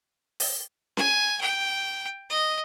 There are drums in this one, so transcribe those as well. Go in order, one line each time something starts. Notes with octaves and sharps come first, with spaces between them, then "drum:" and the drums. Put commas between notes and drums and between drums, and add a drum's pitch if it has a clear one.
drum: open hi-hat
G#5, drum: snare C#4
G5
D#5